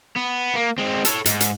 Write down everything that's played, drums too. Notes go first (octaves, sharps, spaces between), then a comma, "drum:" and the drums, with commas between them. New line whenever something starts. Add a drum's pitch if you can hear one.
B3
A#3
G#3 C4
A4 C#5, drum: hi-hat
G#2, drum: hi-hat
drum: hi-hat